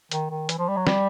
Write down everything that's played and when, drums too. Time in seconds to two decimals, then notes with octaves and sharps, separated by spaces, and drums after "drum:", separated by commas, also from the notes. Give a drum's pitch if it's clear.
0.11 D#3, drum: hi-hat
0.31 D#3
0.49 E3, drum: hi-hat
0.59 F3
0.68 G3
0.77 F#3
0.87 G3, drum: snare